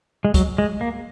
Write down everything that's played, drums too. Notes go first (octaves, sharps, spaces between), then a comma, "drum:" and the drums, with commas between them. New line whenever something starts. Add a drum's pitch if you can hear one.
G#3
F#3, drum: kick, hi-hat
G#3
A#3